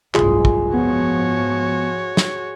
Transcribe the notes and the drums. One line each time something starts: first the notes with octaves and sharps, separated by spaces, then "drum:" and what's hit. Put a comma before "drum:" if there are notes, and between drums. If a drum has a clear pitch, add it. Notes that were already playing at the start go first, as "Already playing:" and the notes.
F#1 C2 G#2 G#3 F4, drum: clap
drum: kick
G#2 F3 B3 F#4 C#5
drum: snare